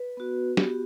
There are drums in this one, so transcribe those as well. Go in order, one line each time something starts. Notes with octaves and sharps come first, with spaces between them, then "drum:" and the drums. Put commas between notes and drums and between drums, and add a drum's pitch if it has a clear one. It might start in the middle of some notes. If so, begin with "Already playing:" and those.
Already playing: B4
B3 F#4
B3 F#4 G4, drum: snare